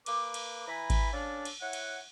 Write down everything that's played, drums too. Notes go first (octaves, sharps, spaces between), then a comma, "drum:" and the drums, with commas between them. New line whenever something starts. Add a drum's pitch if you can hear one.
A#3 B4 D6, drum: cymbal
drum: cymbal
E3 G#5 A#5 B5
drum: kick G#1, cymbal
C#4 D4 A4 D5 F5
drum: cymbal
E4 C#5 F#5
drum: cymbal